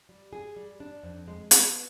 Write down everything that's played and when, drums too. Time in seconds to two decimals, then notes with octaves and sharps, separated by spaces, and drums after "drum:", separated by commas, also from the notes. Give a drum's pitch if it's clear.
0.09 G3
0.33 G#4
0.56 G3
0.80 D4
1.03 F2
1.28 G#3
1.51 B3, drum: hi-hat